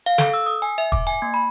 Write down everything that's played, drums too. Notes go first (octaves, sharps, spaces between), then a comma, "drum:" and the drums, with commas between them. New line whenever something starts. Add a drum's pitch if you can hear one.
F5
A4, drum: snare
E6
D#6
G#5
E5
D6, drum: kick
G#5
A#3
B5